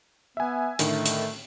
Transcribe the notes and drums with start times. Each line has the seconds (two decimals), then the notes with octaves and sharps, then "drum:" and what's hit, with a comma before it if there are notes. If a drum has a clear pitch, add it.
0.37 B3 E5 G#5
0.79 A2 D3 D#3 A3, drum: hi-hat
1.06 drum: hi-hat